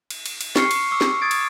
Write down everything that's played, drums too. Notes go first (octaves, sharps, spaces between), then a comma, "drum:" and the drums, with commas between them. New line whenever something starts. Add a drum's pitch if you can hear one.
drum: cymbal
drum: cymbal
drum: cymbal
C#6 F6 C7 C#7, drum: snare
drum: cymbal
C#6 D6 E6
drum: snare
D#6 G#6 A6 D7
drum: cymbal